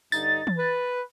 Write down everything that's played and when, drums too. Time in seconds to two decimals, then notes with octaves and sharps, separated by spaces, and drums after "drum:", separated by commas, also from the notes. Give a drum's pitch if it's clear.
0.12 G2 D3 D#4 A6, drum: tambourine
0.47 drum: tom E3
0.56 B4